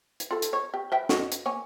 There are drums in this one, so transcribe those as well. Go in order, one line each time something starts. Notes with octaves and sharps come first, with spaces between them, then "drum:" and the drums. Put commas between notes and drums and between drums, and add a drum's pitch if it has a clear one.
drum: hi-hat
F4 A4
drum: hi-hat
C#5
G4
B4 E5 G5
F#4 D#5, drum: snare
drum: hi-hat
A#3 C#5 G#5